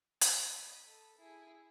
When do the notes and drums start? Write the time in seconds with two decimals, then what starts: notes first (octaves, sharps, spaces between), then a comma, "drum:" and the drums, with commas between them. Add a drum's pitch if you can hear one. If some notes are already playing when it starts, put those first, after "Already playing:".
0.21 B5, drum: hi-hat
0.52 D#5 B5
0.86 A4
1.18 E4 G#4